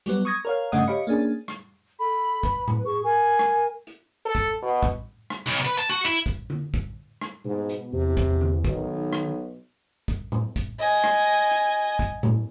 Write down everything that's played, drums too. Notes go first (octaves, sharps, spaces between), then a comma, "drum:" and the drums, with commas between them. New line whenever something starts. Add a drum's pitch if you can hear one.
F#3 G3 B3, drum: hi-hat
C#6 D#6 G#6 A#6
A#4 C#5 F5
G2 C#3 A3 D#5 F#5 D#6
G4 C#5 D#5 F5 B5 C#7
A#3 C#4 D4 G#4
drum: rim click
A4 B5
B4, drum: kick, hi-hat
drum: tom A2
G#4 C#6
A#4 G#5
drum: rim click
drum: hi-hat
A4
drum: kick, hi-hat
B2
drum: kick, hi-hat
drum: rim click
B1
B4
A5
F#4
E4
drum: kick, hi-hat
drum: tom D3
drum: kick, hi-hat
drum: rim click
G#2 B2
drum: hi-hat
E2 C3
drum: kick, hi-hat
drum: tom D3
B1 D#3, drum: kick, hi-hat
drum: rim click
drum: kick, hi-hat
drum: tom A2
drum: kick, hi-hat
D#5 G#5
drum: rim click
drum: hi-hat
drum: kick, hi-hat
drum: tom A2